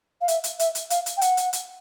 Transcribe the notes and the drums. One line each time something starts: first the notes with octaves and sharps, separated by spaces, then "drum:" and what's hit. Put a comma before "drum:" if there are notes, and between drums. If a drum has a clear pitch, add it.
F5
E5, drum: hi-hat
drum: hi-hat
E5, drum: hi-hat
drum: hi-hat
F5, drum: hi-hat
drum: hi-hat
G5
F#5, drum: hi-hat
drum: hi-hat
drum: hi-hat